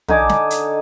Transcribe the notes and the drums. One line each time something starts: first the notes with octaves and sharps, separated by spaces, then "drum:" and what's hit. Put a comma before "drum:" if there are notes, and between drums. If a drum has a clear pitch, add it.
D3 D#4 G#5 D6, drum: tom
drum: snare
drum: hi-hat